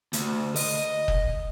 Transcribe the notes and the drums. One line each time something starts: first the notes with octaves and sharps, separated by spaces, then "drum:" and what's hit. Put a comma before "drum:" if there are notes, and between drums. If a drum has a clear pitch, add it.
D2, drum: hi-hat
D#5, drum: open hi-hat
drum: kick